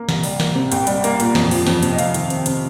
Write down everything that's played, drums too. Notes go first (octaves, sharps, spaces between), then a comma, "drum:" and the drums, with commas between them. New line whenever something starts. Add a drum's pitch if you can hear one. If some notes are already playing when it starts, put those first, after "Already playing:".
Already playing: A#3
C2, drum: snare
G3, drum: open hi-hat
A#3, drum: snare
C3
C2 G5, drum: hi-hat
G3, drum: hi-hat
A#3, drum: hi-hat
A#2, drum: hi-hat
F2, drum: snare
F3, drum: open hi-hat
F2, drum: snare
C3, drum: hi-hat
D#5
F2 F5, drum: hi-hat
D#3, drum: hi-hat
C4, drum: hi-hat
C3, drum: hi-hat